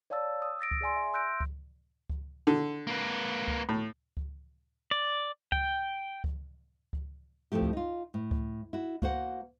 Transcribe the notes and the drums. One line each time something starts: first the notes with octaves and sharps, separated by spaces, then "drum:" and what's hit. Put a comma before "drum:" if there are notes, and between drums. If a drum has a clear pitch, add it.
C#5 D5 F5 A5 E6 A6
D#6 E6
E6 A6 A#6 D7
drum: kick C#2
G#4 D5 G#5 C6
E5
C6 E6 F#6 G6 A#6 D7
drum: kick C#2
drum: kick C#2
D3
A#3 B4
drum: kick C#2
A2
drum: kick C#2
D5
G5, drum: kick C#2
drum: kick C#2
drum: kick C#2
F2 A2 F3 A3 G4
drum: kick C#2
D#4 F4
A2
drum: kick C#2
E4 F#4
A#3 F#4 C5 F#5, drum: kick C#2